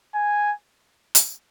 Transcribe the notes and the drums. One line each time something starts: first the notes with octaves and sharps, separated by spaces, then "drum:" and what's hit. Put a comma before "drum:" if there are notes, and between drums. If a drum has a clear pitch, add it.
G#5
drum: hi-hat